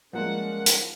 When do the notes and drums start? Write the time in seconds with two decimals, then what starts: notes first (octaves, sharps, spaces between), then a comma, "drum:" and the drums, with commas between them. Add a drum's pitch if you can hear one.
0.13 F3 G3 G#3 A#3 C#4 F4 A#4 F#5
0.66 drum: hi-hat